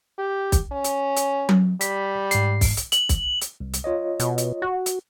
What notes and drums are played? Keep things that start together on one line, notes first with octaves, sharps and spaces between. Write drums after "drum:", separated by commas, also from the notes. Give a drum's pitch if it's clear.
G4
drum: kick, hi-hat
C#4
drum: hi-hat
drum: hi-hat
drum: tom F#3
G3 B6, drum: hi-hat
G#2 C7, drum: hi-hat
drum: kick, open hi-hat
drum: hi-hat
F#7, drum: hi-hat
drum: kick, hi-hat
drum: hi-hat
C2
drum: hi-hat
F4 C#5 D#5
B2, drum: hi-hat
drum: hi-hat
F#4
drum: hi-hat